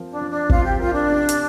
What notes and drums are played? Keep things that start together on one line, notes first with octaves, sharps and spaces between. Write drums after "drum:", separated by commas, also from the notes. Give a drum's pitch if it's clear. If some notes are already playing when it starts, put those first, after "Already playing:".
Already playing: F3 C4 A#4
D4
F3
D4
C4 F4, drum: kick
G4
F4 A#4
D4
C3
drum: hi-hat